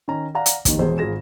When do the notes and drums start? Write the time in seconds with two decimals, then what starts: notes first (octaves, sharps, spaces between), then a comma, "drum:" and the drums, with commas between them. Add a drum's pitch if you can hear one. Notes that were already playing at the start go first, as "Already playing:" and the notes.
0.08 D#3 C#4 A#5
0.35 D5 F5 F#5 A#5
0.46 drum: hi-hat
0.65 F1 D#2 D#3, drum: kick, hi-hat
0.79 E1 E2 G#3 C5
0.98 G#1 F4 G#4 A#6 E7